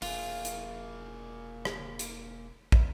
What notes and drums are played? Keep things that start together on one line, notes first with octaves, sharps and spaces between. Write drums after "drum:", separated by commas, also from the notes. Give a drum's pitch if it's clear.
E1 A#3 F4 G#4, drum: open hi-hat
drum: hi-hat
drum: rim click
drum: hi-hat
drum: kick